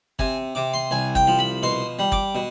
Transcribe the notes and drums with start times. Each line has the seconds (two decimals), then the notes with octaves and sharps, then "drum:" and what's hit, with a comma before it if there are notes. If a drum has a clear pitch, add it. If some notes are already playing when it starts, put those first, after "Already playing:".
0.19 C3 G#5, drum: kick
0.55 C3 D6
0.74 C6
0.91 C2 G#5
1.15 G5, drum: kick
1.27 F3
1.39 B5
1.63 B2 C6
1.99 G3
2.12 D6, drum: kick
2.35 B2